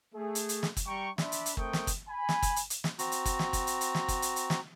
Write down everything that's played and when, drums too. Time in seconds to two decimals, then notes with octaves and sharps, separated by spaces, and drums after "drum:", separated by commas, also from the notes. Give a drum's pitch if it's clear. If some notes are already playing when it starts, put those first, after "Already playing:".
0.15 A3 G#4
0.35 drum: hi-hat
0.49 drum: hi-hat
0.63 drum: snare
0.77 drum: kick, hi-hat
0.87 G3 G5 A#5 C#6
1.18 D4 D5 E5 B5 C6, drum: snare
1.32 drum: hi-hat
1.46 drum: hi-hat
1.57 A3 C4 A#4 G5 C#6 D#6, drum: kick
1.73 drum: snare
1.87 drum: kick, hi-hat
2.09 G#5 B5
2.29 drum: snare
2.42 drum: kick, hi-hat
2.56 drum: hi-hat
2.70 drum: hi-hat
2.84 drum: snare
2.99 C4 F#4 A#5, drum: hi-hat
3.12 drum: hi-hat
3.25 drum: kick, hi-hat
3.39 drum: snare
3.53 drum: kick, hi-hat
3.67 drum: hi-hat
3.81 drum: hi-hat
3.95 drum: snare
4.08 drum: kick, hi-hat
4.22 drum: hi-hat
4.36 drum: hi-hat
4.50 drum: snare